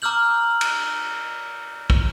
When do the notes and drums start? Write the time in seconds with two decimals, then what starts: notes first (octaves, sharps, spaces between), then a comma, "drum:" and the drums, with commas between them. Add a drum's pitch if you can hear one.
0.02 A#5 D6 E6 F6 G6 F#7
0.61 drum: cymbal
1.90 drum: kick